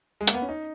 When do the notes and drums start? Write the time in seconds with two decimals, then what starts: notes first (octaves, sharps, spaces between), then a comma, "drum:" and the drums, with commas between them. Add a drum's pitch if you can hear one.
0.21 G#3
0.27 A#3, drum: hi-hat
0.34 B3
0.42 C#4
0.49 D#4